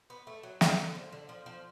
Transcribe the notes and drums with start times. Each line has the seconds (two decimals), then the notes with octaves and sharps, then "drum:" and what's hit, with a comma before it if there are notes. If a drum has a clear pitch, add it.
0.10 B3
0.27 A3
0.43 F#3
0.61 F3, drum: snare
0.78 D3
0.95 F3
1.12 D3
1.29 F3
1.46 F3